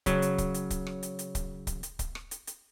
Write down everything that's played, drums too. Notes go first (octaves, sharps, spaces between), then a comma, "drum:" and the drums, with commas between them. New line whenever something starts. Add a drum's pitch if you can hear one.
C#3 F#3, drum: kick C#1, hi-hat
drum: hi-hat
drum: kick C#1, hi-hat
drum: hi-hat
drum: kick C#1, hi-hat
drum: rim click
drum: hi-hat
drum: hi-hat
drum: kick C#1, hi-hat
drum: kick C#1, hi-hat
drum: hi-hat
drum: kick C#1, hi-hat
drum: rim click
drum: hi-hat
drum: hi-hat